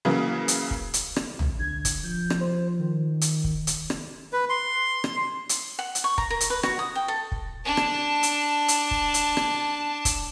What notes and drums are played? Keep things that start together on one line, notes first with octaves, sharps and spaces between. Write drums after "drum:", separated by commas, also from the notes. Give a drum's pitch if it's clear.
C#3 E3 F#3 A#3
drum: hi-hat
drum: kick
drum: hi-hat
drum: rim click
drum: tom B1
D3 G#6
drum: kick, hi-hat
F3 G6
drum: rim click
C5
D#3
drum: hi-hat
drum: kick
drum: hi-hat
drum: rim click
B4
C6
drum: rim click
drum: hi-hat
F#5
drum: hi-hat
C#6
A#5, drum: kick
A#4
drum: hi-hat
B4
F#4, drum: rim click
D#6
G5
A4
drum: kick
D4 A5
drum: rim click
drum: hi-hat
drum: hi-hat
drum: kick
drum: hi-hat
drum: rim click
drum: kick, hi-hat